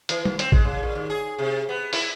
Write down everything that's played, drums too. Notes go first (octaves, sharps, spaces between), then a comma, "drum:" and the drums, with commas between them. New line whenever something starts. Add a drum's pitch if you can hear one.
E3, drum: hi-hat
D#2, drum: tom
C4, drum: hi-hat
G#3, drum: kick A1
C#3
A#2
D#2
G#4
C3
B3
E4, drum: open hi-hat